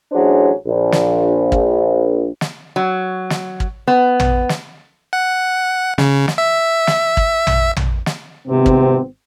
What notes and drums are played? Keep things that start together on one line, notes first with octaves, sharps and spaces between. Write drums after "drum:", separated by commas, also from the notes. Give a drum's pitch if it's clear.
A1 F#3 D4 G#4 C5
A#1
drum: snare
drum: kick
drum: snare
F#3
drum: snare
drum: kick
B3
drum: tom
drum: snare
F#5
C#3, drum: snare
drum: snare
E5
drum: snare
drum: kick
drum: tom
drum: tom
drum: snare
G#1 C3 B3 C4
drum: kick